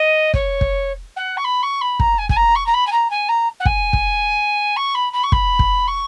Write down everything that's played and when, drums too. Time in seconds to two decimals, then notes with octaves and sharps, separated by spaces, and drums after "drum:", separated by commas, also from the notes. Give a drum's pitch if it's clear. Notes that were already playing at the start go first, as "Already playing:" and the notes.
Already playing: D#5
0.34 C#5, drum: kick
0.61 drum: kick
1.16 F#5
1.37 C#6
1.44 B5
1.62 C#6
1.81 B5
2.00 A#5, drum: kick
2.18 G#5
2.29 G#5, drum: kick
2.36 A#5
2.55 C#6
2.66 A#5
2.73 B5
2.86 G#5
2.91 A#5
3.10 G#5
3.28 A#5
3.60 F#5
3.65 G#5, drum: kick
3.93 drum: kick
4.76 C#6
4.94 B5
5.13 B5
5.23 C#6
5.32 B5, drum: kick
5.59 drum: kick
5.87 C#6